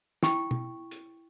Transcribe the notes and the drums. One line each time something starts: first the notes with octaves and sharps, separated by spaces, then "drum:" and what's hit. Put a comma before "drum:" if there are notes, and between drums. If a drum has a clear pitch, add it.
E4 G5 C#6, drum: snare
drum: tom
drum: hi-hat